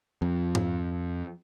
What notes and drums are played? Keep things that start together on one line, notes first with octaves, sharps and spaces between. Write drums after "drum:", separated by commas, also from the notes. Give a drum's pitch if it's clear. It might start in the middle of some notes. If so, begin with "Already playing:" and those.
F2
drum: tom